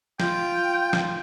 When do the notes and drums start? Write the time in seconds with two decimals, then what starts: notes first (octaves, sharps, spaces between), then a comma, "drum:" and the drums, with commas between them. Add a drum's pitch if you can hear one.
0.20 F4 G5, drum: snare
0.93 drum: snare